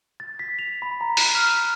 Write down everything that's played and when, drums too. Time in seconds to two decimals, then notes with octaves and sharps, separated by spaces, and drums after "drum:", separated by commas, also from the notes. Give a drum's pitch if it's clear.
0.20 A6
0.39 B6
0.59 F7
0.82 B5
1.01 A#5
1.17 F#6, drum: open hi-hat
1.35 F6
1.51 D#7